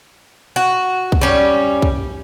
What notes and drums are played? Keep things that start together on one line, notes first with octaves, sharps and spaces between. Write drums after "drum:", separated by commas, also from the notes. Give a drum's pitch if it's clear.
F#4
drum: kick B1
G3 C#4
drum: kick B1